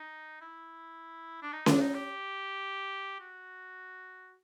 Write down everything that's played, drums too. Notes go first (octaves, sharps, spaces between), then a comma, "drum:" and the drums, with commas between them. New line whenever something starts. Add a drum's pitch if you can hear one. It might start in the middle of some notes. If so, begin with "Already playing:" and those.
Already playing: D#4
E4
D4
D#4
D4, drum: snare C#4
D#4
G4
F#4